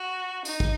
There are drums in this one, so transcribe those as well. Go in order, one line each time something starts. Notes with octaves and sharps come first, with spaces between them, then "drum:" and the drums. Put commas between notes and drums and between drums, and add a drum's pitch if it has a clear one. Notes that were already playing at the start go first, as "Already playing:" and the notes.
Already playing: F#4
D#4, drum: tambourine
drum: kick